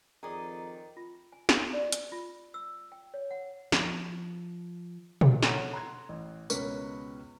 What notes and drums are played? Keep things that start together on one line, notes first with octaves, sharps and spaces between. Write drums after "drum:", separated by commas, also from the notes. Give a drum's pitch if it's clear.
F2 D#3 G#4 D5 D#5 A#5
F4
G#5
G4, drum: snare
D5
drum: hi-hat
F4
E6
G5
C#5
F#5
F3, drum: snare
drum: tom
A4 C#5 F#5 A#5, drum: snare
A#5 C6 F#6 G#6
A1
C#2 B2 C#4 A#4 B4 C#6, drum: tambourine